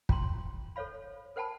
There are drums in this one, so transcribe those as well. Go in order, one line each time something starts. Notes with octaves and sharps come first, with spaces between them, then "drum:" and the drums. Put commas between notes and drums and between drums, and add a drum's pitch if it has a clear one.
F4 G5 A#5 C6, drum: kick
A4 C5 C#5 F5 B5
A#4 C5 F#5 G5 A5 B5